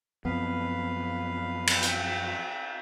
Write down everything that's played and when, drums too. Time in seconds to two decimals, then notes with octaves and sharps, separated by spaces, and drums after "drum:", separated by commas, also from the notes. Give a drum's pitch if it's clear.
0.25 F#2 F3 B3 C4 B4 F5
1.67 drum: cymbal
1.82 drum: hi-hat